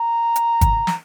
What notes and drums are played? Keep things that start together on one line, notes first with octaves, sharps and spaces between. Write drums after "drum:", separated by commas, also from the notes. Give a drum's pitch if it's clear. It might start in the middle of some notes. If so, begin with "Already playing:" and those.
Already playing: A#5
drum: hi-hat
drum: kick, hi-hat
drum: snare